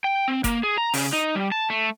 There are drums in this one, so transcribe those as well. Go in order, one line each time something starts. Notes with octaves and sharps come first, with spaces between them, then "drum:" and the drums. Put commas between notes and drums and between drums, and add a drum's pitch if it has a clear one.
G5
C4
A#3, drum: kick F#1, hi-hat
G#4
A#5
C#3, drum: open hi-hat
D#4
G3
A5
A3